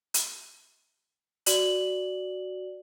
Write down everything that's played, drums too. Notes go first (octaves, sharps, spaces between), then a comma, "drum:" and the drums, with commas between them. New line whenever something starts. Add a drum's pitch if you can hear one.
drum: hi-hat
F#4 D5 F#7, drum: hi-hat